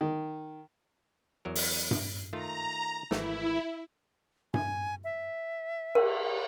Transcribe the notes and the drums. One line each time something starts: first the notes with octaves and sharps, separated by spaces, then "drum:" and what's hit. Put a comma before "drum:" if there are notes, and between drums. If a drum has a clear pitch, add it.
D#3
E2 F#3 A#4
drum: open hi-hat
drum: tom G2
D#3 A3 F4 A#5
G#1 E3 A3 E4, drum: snare
G#5, drum: tom G2
E5
A#4, drum: cymbal